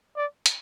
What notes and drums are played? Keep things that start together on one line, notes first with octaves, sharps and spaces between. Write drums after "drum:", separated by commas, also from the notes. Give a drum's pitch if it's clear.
D5
drum: hi-hat